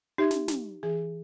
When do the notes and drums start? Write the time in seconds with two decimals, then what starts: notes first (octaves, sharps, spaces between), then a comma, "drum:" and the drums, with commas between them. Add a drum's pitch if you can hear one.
0.18 D#4 G4 E5 G#6
0.31 drum: snare
0.48 drum: snare
0.83 E3 G#4 G#5